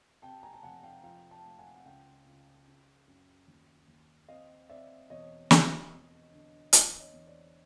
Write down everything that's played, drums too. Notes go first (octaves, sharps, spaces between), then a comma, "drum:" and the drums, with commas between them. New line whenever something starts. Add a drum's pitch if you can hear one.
C3 G5 A5
G#5 A#5
A5
F1 F#5 G#5
F5 G5
F3 F5 G5
G5 A5
A3
F#5 G#5
F#5
C#2 F5 G5
C#2
C#3
F#2
D#2
D#2
C4 D#5 F5
C4 D5 E5
E1 C#5 D#5
E1, drum: snare
F2
D3
E2, drum: hi-hat
C#5 D#5
E2
C5 D5